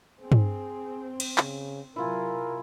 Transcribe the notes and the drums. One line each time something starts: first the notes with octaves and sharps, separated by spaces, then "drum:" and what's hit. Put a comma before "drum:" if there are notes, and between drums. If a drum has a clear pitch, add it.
C4 G#4
drum: tom
drum: cymbal
C#3, drum: clap
C3 F#3 E4 F4 G#4 A#4